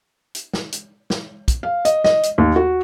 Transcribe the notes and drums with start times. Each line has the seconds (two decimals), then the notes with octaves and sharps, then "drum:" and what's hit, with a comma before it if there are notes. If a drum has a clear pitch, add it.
0.35 drum: hi-hat
0.53 drum: snare
0.72 drum: hi-hat
1.10 drum: snare
1.48 drum: kick, hi-hat
1.63 F5
1.85 D#5, drum: hi-hat
2.04 D#5, drum: snare
2.23 drum: hi-hat
2.38 D#2
2.56 F#4